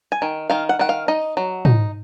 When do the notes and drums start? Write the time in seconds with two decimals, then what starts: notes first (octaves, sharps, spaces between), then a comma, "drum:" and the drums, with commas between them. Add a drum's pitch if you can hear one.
0.12 G#5
0.22 D#3
0.50 D#3 F5
0.69 F#5
0.79 D#3 F#5
0.89 F5
1.08 D#4 D#5
1.37 F#3
1.65 D#4, drum: tom